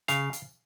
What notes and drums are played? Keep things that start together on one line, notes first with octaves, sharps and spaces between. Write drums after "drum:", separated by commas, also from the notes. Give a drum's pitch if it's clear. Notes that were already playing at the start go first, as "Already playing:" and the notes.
C#3 F5, drum: hi-hat
drum: hi-hat